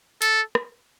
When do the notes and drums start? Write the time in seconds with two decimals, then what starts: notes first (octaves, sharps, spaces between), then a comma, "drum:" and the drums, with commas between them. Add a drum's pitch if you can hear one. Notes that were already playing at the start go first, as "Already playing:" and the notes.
0.22 A4, drum: hi-hat
0.55 drum: rim click